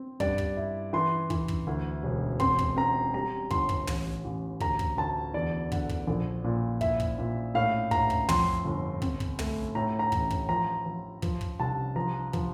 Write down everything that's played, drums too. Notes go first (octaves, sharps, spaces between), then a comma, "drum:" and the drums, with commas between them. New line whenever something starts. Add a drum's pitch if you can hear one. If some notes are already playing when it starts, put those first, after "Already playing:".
Already playing: C4
G2 D5, drum: kick
drum: kick
E4
E3 C6
E3, drum: kick
drum: kick
D2
E1
C4 C6, drum: kick
drum: kick
C4 A#5
G3 A#5
G1 C6, drum: kick
drum: kick
A1, drum: tom
A1
D2 A#5, drum: kick
drum: kick
D2 A5
E2 D5
D3, drum: kick
drum: kick
A#1
A#2
E4 E5, drum: kick
drum: kick
A#2
A2 F5
A2 A#5, drum: kick
drum: kick
F2 C6, drum: tom
G1
C4, drum: kick
drum: kick
A3, drum: tom
A2 A#5
A#5
A1, drum: kick
drum: kick
F3 A#5
F3
F3, drum: kick
drum: kick
C2 A5
F3 A#5
F3, drum: kick